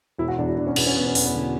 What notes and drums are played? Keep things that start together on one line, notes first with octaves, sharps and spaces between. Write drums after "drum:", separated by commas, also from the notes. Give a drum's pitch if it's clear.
E1 E4
F#4
E2 D4
E4
E1 D4
C#4
E2 B3, drum: cymbal
C#4
E1 B3
C#4
E1 B3, drum: open hi-hat
B3
D3